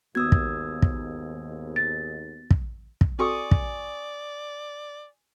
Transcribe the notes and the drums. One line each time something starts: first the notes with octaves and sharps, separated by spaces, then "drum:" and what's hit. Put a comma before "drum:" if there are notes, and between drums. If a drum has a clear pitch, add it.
D#2 G#2 B3 F#4 D#6 E6 G#6
drum: kick
drum: kick
A6
drum: kick
drum: kick
C4 F#4 A4 D5 G#5 C#6 D#6
drum: kick